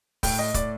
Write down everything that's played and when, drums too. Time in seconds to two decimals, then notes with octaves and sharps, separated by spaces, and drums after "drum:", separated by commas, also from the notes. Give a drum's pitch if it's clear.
0.23 A2 G5, drum: kick, open hi-hat
0.39 D#5
0.54 A2 D5, drum: kick, hi-hat